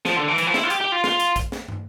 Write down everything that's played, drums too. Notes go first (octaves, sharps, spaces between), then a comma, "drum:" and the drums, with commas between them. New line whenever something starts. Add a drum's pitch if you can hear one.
F3, drum: snare
D3
E3
E3, drum: hi-hat
F3
E4, drum: snare
F4
G4, drum: hi-hat
G4
F4
F4, drum: snare
drum: hi-hat
drum: kick, hi-hat
drum: snare
drum: tom